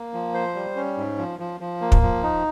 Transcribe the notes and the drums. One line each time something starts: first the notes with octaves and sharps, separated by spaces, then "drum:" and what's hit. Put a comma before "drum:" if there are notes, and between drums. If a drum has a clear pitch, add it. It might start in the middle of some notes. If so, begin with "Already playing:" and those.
Already playing: A#3
F3
C5
G3
C#4
G#2
F3
F3
F3
A#3
drum: kick
F3
D#4